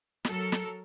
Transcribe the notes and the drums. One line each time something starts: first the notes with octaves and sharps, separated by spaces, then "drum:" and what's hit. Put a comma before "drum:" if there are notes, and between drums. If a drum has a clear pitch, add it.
F#3 A4 A#4, drum: snare
drum: snare